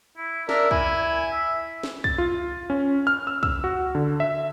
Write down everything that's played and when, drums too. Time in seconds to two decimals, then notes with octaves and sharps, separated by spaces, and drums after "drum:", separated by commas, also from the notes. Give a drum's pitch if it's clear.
0.17 E4
0.49 D4 A#4 E5, drum: snare
0.71 E4 G#5, drum: kick
1.32 E5
1.84 drum: snare
2.04 A6, drum: kick
2.18 F4
2.70 C#4
3.07 F6
3.27 E6
3.43 E6, drum: kick
3.64 F#4
3.95 D3
4.20 E5